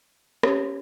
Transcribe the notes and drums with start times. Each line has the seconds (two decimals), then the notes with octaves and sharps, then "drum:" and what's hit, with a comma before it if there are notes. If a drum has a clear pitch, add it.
0.43 C#4 G4 C#5, drum: rim click